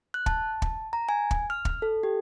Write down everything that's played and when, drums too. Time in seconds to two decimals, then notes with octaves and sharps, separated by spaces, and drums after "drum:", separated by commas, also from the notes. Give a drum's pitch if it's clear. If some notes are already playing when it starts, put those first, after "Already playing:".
0.14 F#6
0.26 A5, drum: kick
0.62 drum: kick
0.93 A#5
1.09 G#5
1.31 drum: kick
1.50 F6
1.65 drum: kick
1.82 A4
2.03 G4